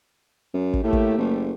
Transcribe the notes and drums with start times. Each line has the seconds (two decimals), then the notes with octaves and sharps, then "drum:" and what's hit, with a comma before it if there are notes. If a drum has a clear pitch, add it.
0.54 F#2
0.73 drum: kick
0.83 A2 A3 A#3 G4
0.93 drum: kick
1.18 F#1